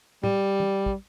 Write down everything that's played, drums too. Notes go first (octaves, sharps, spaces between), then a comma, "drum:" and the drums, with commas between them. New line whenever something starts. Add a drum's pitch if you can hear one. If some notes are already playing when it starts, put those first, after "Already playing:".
G3, drum: tom
drum: tom
drum: kick